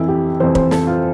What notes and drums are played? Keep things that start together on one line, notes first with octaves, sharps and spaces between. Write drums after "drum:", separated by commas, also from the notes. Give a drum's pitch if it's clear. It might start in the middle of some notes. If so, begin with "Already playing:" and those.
Already playing: F2 E3 E4
G4
F2 E3 C5
C5, drum: kick
A4, drum: snare
F4